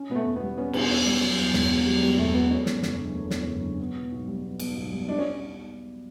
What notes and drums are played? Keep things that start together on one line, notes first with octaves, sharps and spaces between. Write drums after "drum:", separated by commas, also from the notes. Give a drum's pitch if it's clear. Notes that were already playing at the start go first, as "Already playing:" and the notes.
Already playing: C#4
B2 B3
A3
E2
B3
G3
B3 C#4
B2, drum: cymbal
E2
G3
F#3
E2
E1, drum: snare
B2
F#3 G3
E2 G3
E1 A3
B2 B3
A3 C#4
E2, drum: snare
F#1, drum: snare
D3
A3
E2, drum: snare
F#1
D3
B3
B2
B1
G3
B3
B2, drum: cymbal
B1
G3
G3 D4
C#4